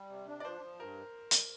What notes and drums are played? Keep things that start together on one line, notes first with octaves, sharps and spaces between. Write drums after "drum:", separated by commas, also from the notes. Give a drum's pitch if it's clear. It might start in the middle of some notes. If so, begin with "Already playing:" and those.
Already playing: G3
C3
D4
D5
F3 C5
F3
G2 A#4
drum: hi-hat